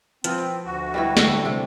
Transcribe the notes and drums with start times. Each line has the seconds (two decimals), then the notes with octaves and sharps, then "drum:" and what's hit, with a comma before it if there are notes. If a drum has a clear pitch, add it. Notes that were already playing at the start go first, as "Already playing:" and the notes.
0.24 F3 B3 C4, drum: hi-hat
0.65 D2 F#4
0.94 G3 B3 E4
1.17 D3 G3 A4, drum: snare
1.45 C3